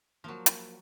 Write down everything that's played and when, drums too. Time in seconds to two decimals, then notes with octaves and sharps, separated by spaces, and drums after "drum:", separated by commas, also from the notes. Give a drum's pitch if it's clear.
0.24 F3 F#3 A#3
0.46 drum: hi-hat